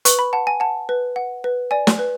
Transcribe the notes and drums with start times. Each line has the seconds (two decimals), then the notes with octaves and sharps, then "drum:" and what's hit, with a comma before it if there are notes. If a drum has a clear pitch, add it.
0.05 B4 C#6, drum: hi-hat
0.19 B5
0.33 F#5 A5
0.47 G#5
0.60 F#5 A5
0.89 B4
1.16 F#5
1.44 B4
1.71 D5 G#5
1.87 drum: snare
1.99 B4